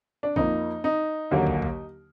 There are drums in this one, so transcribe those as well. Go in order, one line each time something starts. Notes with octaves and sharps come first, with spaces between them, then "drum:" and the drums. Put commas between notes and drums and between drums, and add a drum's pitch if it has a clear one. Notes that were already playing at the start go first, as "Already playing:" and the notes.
D4
F2 F3 A#3 D#4, drum: kick
D#4
D#2 D3 F#3 A#3
drum: kick
drum: kick